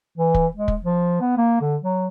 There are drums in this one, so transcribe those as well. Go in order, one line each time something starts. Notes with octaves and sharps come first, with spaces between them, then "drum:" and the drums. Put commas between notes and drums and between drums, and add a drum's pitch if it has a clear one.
E3
drum: kick
G#3
drum: kick
F3
B3
A#3
D3
F#3